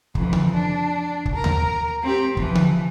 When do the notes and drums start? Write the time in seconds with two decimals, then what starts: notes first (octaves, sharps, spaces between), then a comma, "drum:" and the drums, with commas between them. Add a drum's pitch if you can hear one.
0.15 F2 E3, drum: kick
0.33 drum: tom C#3
0.53 D4
1.26 drum: kick
1.35 A#4
1.44 drum: tom D#2
2.03 C4 G4
2.37 E3 F3, drum: kick
2.55 drum: tom C#3